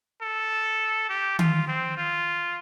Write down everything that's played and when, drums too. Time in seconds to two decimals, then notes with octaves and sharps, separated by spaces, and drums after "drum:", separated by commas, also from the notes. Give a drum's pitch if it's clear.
0.22 A4
1.10 G4
1.39 F4, drum: tom D#3
1.67 C4
1.97 F4